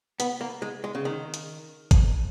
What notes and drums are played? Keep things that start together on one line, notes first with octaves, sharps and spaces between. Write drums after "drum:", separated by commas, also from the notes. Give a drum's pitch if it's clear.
B3, drum: hi-hat
A#3
G#3
G#3
C#3
D#3
drum: hi-hat
drum: kick, hi-hat